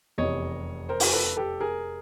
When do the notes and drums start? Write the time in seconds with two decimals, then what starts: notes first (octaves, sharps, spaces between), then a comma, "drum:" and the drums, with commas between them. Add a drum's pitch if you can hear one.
0.18 F1 E2 C3 C#5 D#5
0.89 A#4 C5
1.00 drum: open hi-hat
1.13 A4 B4
1.36 G4 A4
1.60 G#4 A#4